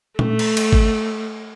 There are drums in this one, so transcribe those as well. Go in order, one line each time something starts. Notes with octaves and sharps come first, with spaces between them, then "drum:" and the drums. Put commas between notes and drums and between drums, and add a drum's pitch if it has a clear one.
A3, drum: tom A#2
drum: cymbal
drum: cymbal
drum: kick G#1